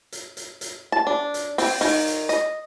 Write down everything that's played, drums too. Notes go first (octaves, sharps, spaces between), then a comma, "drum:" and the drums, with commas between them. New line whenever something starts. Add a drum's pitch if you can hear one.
drum: hi-hat
drum: hi-hat
drum: hi-hat
A5
D4
drum: hi-hat
C4, drum: open hi-hat
D#3, drum: open hi-hat
drum: hi-hat
D#5, drum: hi-hat